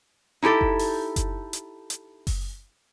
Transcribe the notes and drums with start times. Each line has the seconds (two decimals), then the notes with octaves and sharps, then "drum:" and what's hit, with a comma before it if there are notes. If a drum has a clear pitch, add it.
0.42 D#4 E4 G4 A4
0.61 drum: kick F#1
0.79 drum: open hi-hat
1.16 drum: kick F#1, hi-hat
1.53 drum: hi-hat
1.90 drum: hi-hat
2.27 drum: kick F#1, open hi-hat